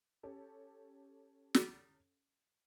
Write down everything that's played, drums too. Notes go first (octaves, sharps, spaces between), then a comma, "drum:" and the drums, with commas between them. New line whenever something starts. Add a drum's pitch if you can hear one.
C#4 G4 A4
drum: snare